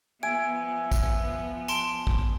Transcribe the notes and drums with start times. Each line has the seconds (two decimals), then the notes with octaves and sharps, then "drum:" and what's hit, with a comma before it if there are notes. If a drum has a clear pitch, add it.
0.23 F3 B3 E5 G#5 D7
0.92 drum: kick, tambourine
1.68 A5 C6 D7, drum: tambourine
2.07 drum: kick